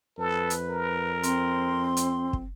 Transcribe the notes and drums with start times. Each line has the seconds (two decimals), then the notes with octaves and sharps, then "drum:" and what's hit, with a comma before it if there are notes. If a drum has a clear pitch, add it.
0.18 F2 A4 B4
0.50 drum: hi-hat
0.70 A#4
1.23 C4 C6, drum: hi-hat
1.97 drum: hi-hat
2.33 drum: kick